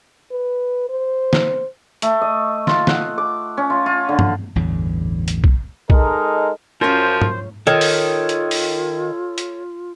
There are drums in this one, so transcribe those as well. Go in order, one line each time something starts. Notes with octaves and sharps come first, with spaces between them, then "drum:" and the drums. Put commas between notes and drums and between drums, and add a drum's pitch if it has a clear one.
B4
C5
drum: snare
A3, drum: hi-hat
D#5
F4, drum: snare
F#5, drum: snare
D6
C#4
F4
F4
D3
drum: tom G2
A1 E2 G2 D3
drum: hi-hat
drum: kick
G#3 D#4 A4 A#4, drum: kick
F#2 F3 C#4 F4 C5
drum: tom G#2
D#3 F4 A4 C#5
drum: open hi-hat
drum: hi-hat
drum: open hi-hat
drum: hi-hat